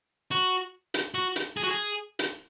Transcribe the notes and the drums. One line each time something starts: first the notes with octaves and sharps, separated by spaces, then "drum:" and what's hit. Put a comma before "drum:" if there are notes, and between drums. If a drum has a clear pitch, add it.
F#4
drum: hi-hat
F#4
drum: hi-hat
G#4
F#4
G#4
drum: hi-hat